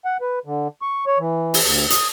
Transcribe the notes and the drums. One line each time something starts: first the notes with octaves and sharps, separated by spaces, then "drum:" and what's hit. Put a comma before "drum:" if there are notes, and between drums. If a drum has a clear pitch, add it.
F#5
B4
D3
C#6
C#5
E3
drum: open hi-hat
D2
D#6, drum: hi-hat